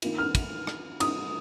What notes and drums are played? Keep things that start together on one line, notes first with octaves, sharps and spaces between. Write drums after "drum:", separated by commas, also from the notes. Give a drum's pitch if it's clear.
D#3 A#3 F4, drum: cymbal
F6
drum: kick, cymbal
drum: rim click
D#6, drum: cymbal